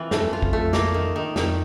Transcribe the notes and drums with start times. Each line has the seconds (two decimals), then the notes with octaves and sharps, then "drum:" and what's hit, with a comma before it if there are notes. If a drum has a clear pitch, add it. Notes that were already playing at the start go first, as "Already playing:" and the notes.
Already playing: E3 C4 F4
0.11 G2 A3, drum: snare
0.21 F2
0.27 F#2
0.33 F4
0.42 F2, drum: kick
0.53 A3
0.58 F2
0.73 A#3, drum: snare
0.94 D#3
1.16 D#3
1.36 F2 D#3, drum: snare